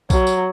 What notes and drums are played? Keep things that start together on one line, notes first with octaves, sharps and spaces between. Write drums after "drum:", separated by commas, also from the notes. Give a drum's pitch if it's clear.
F#3, drum: kick B1, tambourine
drum: tambourine